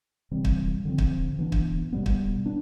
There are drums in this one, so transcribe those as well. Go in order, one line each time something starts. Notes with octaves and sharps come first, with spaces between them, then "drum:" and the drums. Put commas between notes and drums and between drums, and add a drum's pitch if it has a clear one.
C3 E3 G3 C4
drum: kick
D3 F3 C4
drum: kick
E3 B3 D4
drum: kick
B2 G3 B3
drum: kick
B3 D4